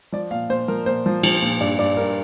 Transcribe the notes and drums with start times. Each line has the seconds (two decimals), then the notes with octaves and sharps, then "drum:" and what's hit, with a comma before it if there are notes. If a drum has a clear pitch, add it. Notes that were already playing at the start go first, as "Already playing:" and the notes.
0.12 F3 D5
0.31 A#2 F5
0.50 A#2 C5
0.68 F3 A#4
0.86 A#2 C5
1.06 F3
1.23 F3, drum: cymbal
1.42 A#2
1.61 G2 D5
1.79 G2 D5
1.97 G2 A#4